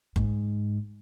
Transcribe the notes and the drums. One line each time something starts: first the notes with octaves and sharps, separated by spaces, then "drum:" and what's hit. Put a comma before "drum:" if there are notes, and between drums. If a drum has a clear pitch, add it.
G#2, drum: kick F#1